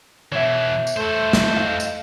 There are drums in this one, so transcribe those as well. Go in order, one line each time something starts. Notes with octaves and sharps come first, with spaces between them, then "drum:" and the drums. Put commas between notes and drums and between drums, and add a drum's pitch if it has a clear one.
B2 E3 C#5 E5
drum: tambourine
A3 A4 C5
drum: snare
D#5 F5
drum: tambourine